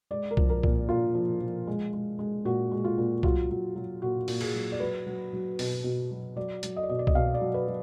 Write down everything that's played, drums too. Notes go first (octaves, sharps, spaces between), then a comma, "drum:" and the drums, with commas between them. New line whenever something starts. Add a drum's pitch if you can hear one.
G#3 D5
A#4
F3, drum: kick
A#4
A#2, drum: kick
A#2 F4
F3
F3
G#3
G#3
G#3
A#2 F#4
G#3
F4
A#2
F#3 F4, drum: kick
F#3
F#3
A#2 F#4
A#2, drum: open hi-hat
G#4, drum: cymbal
F#3
D5
F#3 B4
F#3
F#3
B2, drum: open hi-hat
B2
F#3
F#3 D5
F#3, drum: hi-hat
D#5
D5
B2 D#5
D5
D#5, drum: kick
B2 F5
D5
F#3
B4
F#3